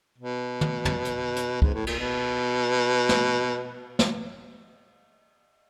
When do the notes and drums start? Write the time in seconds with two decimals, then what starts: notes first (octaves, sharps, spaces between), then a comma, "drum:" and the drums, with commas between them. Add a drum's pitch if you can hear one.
0.18 B2
0.61 drum: tom
0.85 drum: tom
1.05 drum: hi-hat
1.36 drum: hi-hat
1.62 G#2, drum: kick
1.74 A2
1.87 A#2, drum: cymbal
1.99 B2
3.09 drum: snare
3.99 drum: snare